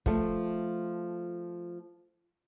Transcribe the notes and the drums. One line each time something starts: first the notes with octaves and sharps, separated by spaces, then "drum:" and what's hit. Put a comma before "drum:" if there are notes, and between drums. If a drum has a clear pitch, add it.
F3 A3, drum: kick